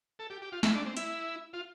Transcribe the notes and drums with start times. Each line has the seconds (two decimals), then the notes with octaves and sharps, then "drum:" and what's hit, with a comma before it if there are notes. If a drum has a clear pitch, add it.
0.19 A4
0.30 G4
0.42 G4
0.52 F4
0.63 E4, drum: snare
0.75 D4
0.86 C4
0.97 E4, drum: hi-hat
1.53 F4